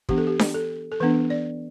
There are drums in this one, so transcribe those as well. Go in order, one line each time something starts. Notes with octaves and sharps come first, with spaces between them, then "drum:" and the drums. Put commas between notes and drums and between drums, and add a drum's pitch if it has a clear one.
E3 B3 D4 G4, drum: kick
A4
G4
drum: snare D4
A4
A4
E3 B3 D4 B4
D5